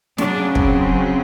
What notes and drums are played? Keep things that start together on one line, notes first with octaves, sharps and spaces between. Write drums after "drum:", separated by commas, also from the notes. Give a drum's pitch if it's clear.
C#3 F#3 D4, drum: snare
C4, drum: kick